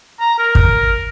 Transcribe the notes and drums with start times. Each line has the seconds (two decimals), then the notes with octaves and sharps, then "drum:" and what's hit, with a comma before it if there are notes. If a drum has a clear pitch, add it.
0.20 A#5
0.39 A#4
0.55 drum: kick